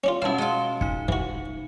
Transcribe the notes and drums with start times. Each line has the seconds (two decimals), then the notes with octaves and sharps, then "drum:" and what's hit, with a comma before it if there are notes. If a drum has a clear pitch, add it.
0.04 C#4 D4 F4
0.22 B2 C#4 E4 F5 A5 E7
0.38 G#3 F4 C#7 G7
0.81 D#4 C#7, drum: kick
1.08 E3 F#4, drum: kick